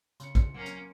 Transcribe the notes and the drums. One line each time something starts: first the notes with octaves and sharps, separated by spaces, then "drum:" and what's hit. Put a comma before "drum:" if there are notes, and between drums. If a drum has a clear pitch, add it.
C#3 C6 C#7, drum: hi-hat
drum: kick, hi-hat
F#3 A#3 C#4 G#6 C#7 D7
drum: hi-hat